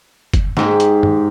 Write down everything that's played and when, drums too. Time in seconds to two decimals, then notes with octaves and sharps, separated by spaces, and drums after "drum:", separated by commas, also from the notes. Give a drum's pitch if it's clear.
0.34 drum: kick F#1, hi-hat
0.57 G#2 G4, drum: snare
0.80 drum: hi-hat
1.03 drum: tom